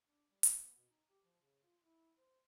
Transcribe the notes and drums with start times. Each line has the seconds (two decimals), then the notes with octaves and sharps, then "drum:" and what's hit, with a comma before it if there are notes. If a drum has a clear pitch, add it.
0.07 D4
0.29 G3
0.43 G#3, drum: hi-hat
0.63 B3
0.76 B2
0.90 D#4
1.09 G4
1.23 F3
1.41 C#3
1.63 F4
1.82 E4
2.18 C5